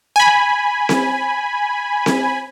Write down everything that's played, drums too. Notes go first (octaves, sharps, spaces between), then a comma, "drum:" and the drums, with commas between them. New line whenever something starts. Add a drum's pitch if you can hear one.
G#5 B5
drum: snare C4
drum: snare C4